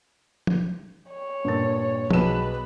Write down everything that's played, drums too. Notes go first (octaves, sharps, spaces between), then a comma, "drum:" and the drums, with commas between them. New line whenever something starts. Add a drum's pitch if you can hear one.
drum: tom F3
C#5
G2 A#2 A6
B1 G#4 B4 E7, drum: tom F3